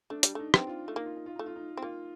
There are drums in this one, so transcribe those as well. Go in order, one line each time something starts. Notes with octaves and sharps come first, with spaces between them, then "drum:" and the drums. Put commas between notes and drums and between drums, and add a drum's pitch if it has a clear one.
A3 D4
G3, drum: hi-hat
A3 D#4
C4, drum: rim click
F4
A3
A#3 D#4
F4
D#4
F4
A3 D#4
F4
D#4
C4
A#3 F4